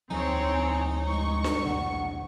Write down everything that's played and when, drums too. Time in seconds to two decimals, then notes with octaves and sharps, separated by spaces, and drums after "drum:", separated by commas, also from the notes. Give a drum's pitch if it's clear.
0.11 D2 F3 F#3 C4 D#4 C#5 G#5
1.07 G2 G#3 C#6
1.44 drum: snare D4
1.65 A#1 D#2 D3 F#5